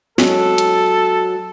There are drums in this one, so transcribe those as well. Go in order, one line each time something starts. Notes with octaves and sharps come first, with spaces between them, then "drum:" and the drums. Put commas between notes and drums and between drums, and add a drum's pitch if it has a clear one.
F#3 G#3 A4, drum: snare
drum: hi-hat